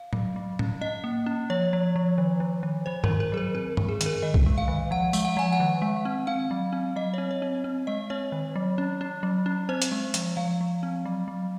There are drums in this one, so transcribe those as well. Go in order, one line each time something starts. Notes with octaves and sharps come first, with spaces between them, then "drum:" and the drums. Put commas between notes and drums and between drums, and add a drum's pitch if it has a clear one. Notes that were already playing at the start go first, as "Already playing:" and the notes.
Already playing: F5
F#3, drum: tom A2
F#3
C#4, drum: tom A2
C#4 D#5
A#3
C#4
F3 C#5
F3
F3
D#3
D#3
D#3
D#3 C5
A#4, drum: tom G2
D#3
A#4
F#3 G#4
A#4
C4 A#4
G#3, drum: tom G2
G#4
D#3, drum: hi-hat
A#4
D#3 D#5
drum: kick B1
G#3
F5
D#3
F3 F#5
G#3, drum: tambourine
F#5
F3 G#5
F#5
D#3
G#3
C4
C4 F5
F#3
C4
F#3 D#5
C4 C#5
C#5
C4
C4
G#3 D#5
C4 C#5
D#3
F#3
C#4
C#4
F#3
C#4
C4 C5
drum: hi-hat
G#3
F3, drum: hi-hat
F3 F5
F3
C4
F#3
F#3